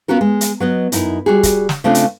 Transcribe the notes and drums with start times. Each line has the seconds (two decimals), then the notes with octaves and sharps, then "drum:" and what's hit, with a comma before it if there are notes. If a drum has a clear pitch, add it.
0.08 B3 C#4 F4 F#4 A#4
0.21 G#3
0.41 drum: hi-hat
0.60 F#3 B3 D#5
0.92 F#2 D#4 E4, drum: hi-hat
1.26 G3 F#4 G#4
1.43 drum: kick, hi-hat
1.69 drum: snare
1.84 C#3 A3 C4 D4 F4
1.95 drum: hi-hat